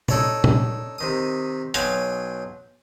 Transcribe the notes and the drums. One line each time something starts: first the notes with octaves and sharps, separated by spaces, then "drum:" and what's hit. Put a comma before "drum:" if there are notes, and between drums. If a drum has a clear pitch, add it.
D#4 A4 C#5 D5, drum: tom A#2
drum: tom A#2
C3 D#3 D#6
B1 F#3 F4 G5 G#5 D#6, drum: hi-hat